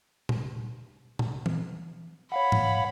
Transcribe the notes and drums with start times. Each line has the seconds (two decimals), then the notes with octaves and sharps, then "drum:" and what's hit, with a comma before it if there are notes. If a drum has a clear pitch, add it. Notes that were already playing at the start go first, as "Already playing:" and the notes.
0.29 drum: tom A#2
1.19 drum: tom A#2
1.46 drum: tom
2.32 C#5 F5 F#5 B5
2.52 drum: tom G#2